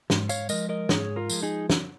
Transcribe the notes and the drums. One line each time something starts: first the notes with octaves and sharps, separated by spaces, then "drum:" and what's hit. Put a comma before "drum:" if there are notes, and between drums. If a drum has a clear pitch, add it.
G#2, drum: snare
C#5 F5, drum: tambourine
F3 G#3 A#4 D#5, drum: tambourine
A#4 D#5
G#2 G#4 C#5, drum: snare
F4 A#4
F3 G#3, drum: tambourine
D#4 G#4
drum: snare